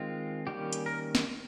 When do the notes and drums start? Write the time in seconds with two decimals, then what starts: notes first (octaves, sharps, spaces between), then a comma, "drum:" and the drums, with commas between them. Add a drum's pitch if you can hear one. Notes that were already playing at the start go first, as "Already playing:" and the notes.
Already playing: D#3 G#3 C4 F4
0.47 D#3 G3 A#3 C#4 G4
0.73 drum: hi-hat
0.86 A#4
1.15 drum: snare